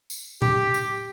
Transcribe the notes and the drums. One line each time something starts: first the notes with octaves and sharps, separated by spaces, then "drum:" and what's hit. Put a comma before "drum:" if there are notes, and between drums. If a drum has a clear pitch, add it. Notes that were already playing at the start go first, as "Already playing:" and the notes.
drum: tambourine
G4, drum: tom A2
drum: tambourine